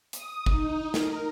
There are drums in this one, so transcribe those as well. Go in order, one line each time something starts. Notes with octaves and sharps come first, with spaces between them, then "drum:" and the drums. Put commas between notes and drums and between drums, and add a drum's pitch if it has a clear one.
D#6, drum: hi-hat
D#4, drum: kick
A#4, drum: snare